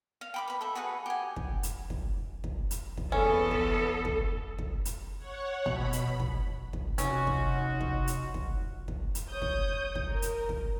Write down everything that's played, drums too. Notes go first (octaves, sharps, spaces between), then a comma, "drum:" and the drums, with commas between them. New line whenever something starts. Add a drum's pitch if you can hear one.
F5
G5 B5 D6
B4 B5
A4 E5
F#4 G#4 B4 F#5
G4 G#5
drum: kick
drum: hi-hat
drum: kick
drum: kick
drum: hi-hat
drum: kick
E2 B3 C#4 A4
drum: kick
drum: kick
drum: kick
drum: hi-hat
C#5 F#5
B2 B5, drum: kick
drum: hi-hat
drum: kick
drum: kick
C3 C#4 D#4 F4 F#4, drum: hi-hat
drum: kick
drum: kick
drum: hi-hat
drum: kick
drum: kick
drum: hi-hat
C#5 D#6 G6
drum: kick
drum: kick
A#4
drum: hi-hat
drum: kick